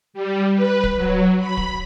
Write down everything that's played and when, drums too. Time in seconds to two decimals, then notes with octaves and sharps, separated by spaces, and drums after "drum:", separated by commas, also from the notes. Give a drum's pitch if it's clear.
0.14 G3
0.55 B4
0.84 drum: kick D1
0.96 F#3
1.39 B5
1.57 drum: kick D1